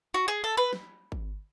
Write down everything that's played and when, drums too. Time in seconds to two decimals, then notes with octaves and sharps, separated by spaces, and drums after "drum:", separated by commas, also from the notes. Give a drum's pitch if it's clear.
0.14 F#4
0.28 G#4
0.44 A4
0.57 B4
0.73 drum: snare
1.12 drum: kick G#1